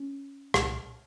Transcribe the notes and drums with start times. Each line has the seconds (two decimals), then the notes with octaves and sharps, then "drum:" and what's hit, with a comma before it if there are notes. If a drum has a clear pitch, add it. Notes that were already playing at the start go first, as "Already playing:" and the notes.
Already playing: C#4
0.54 C2 A#2, drum: rim click